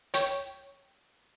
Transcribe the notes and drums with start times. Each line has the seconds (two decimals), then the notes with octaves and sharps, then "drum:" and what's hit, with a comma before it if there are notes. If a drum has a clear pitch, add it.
0.14 C#5 G5 C#6, drum: hi-hat